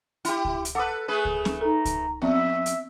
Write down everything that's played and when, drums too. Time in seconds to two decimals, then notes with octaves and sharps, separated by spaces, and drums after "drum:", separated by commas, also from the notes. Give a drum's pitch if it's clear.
0.25 E4 G4, drum: hi-hat
0.45 drum: kick C#2
0.65 drum: hi-hat
0.75 A4 B4 F#5 D6 D#6
1.08 A3 G#4 B4
1.25 drum: kick C#2
1.45 drum: snare
1.61 D#4 A4 A#5
1.85 drum: kick C#2, hi-hat
2.22 F2 B3 C4 D5 E5
2.66 drum: hi-hat